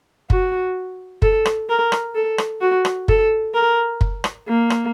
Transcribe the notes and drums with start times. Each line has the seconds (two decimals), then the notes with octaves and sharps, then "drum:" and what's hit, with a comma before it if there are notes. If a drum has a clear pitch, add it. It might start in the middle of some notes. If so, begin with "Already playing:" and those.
0.30 F#4, drum: kick
1.22 A4, drum: kick
1.45 drum: rim click
1.69 A#4
1.92 drum: rim click
2.15 A4
2.38 drum: rim click
2.61 F#4
2.85 drum: rim click
3.08 A4, drum: kick
3.54 A#4
4.01 drum: kick
4.24 drum: rim click
4.48 A#3
4.70 drum: rim click